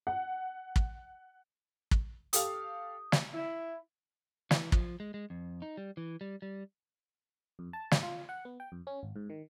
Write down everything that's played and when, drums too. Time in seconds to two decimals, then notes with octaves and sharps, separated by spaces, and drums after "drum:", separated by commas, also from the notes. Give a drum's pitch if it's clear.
0.07 F#5
0.76 drum: kick
1.91 drum: kick
2.33 G4 A4 F5 D#6, drum: hi-hat
3.12 drum: snare
3.34 E4
4.51 E3, drum: snare
4.72 F3, drum: kick
5.00 G#3
5.14 G#3
5.30 F2
5.62 D#4
5.77 G3
5.97 E3
6.21 G3
6.42 G3
7.59 F2
7.73 A5
7.91 G#2, drum: snare
8.03 F4
8.29 F#5
8.45 B3
8.60 G5
8.72 F2
8.87 C#4
9.03 G#1
9.16 G#2
9.30 D#3